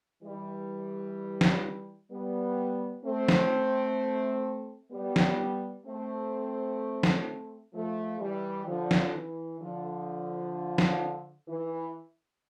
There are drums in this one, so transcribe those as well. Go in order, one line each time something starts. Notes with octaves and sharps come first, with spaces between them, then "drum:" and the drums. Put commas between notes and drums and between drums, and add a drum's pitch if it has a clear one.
E3 G3
drum: snare
G3 B3
A3 C4
drum: snare
G3 B3
drum: snare
A3 C4
drum: snare
F3 A3
E3 G3
D3 F3
drum: snare
E3
D3 F3
drum: snare
E3